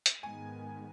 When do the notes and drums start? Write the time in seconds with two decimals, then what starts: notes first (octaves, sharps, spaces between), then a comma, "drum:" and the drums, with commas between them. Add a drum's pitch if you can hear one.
0.06 drum: hi-hat
0.23 G#2 D#3 G#3 B3 G#5